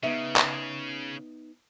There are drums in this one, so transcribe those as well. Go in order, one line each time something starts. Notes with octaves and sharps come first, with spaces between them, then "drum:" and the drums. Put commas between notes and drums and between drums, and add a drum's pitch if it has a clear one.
C#3 B3 D#4 E5
drum: clap